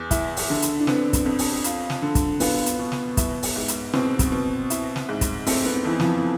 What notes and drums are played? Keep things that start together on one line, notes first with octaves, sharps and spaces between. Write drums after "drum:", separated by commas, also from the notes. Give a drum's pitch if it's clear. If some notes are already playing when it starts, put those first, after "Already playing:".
Already playing: E2
E4, drum: kick, hi-hat
drum: open hi-hat
D3
drum: hi-hat
D4
B3 C4, drum: snare
drum: kick, hi-hat
F2
drum: open hi-hat
F4, drum: hi-hat
drum: snare
D3
drum: kick, hi-hat
B3 F4, drum: open hi-hat
drum: hi-hat
B2
drum: snare
E4, drum: kick, hi-hat
drum: open hi-hat
G#2
drum: hi-hat
B2 C4, drum: snare
drum: kick, hi-hat
B2
E4, drum: hi-hat
drum: snare
G#2
drum: kick, hi-hat
A3 C4, drum: open hi-hat
B3
F2 E3
F3, drum: snare
E3